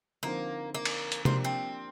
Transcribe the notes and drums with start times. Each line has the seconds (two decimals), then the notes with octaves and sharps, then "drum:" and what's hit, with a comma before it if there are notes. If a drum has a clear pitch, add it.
0.23 D3 F3 A#3 C4 D#4 A#4
0.74 A#3
0.85 drum: cymbal
1.12 drum: hi-hat
1.25 F3 A#3 C4 D4 G4 A#4, drum: tom C3
1.44 C4